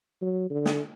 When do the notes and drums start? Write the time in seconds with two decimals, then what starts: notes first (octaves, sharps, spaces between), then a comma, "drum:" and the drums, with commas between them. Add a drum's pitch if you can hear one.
0.22 F#3
0.50 D3
0.66 drum: snare